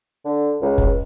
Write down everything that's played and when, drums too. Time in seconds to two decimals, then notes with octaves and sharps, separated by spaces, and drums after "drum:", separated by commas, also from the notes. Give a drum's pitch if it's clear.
0.25 D3
0.61 C#2
0.78 drum: kick